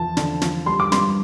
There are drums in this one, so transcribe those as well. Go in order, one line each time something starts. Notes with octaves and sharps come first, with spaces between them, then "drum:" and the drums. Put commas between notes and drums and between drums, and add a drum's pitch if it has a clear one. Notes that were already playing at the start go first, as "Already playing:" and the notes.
Already playing: E2 F3 A5
D3, drum: snare
F3, drum: snare
G3 C6
D6
G2 C6, drum: snare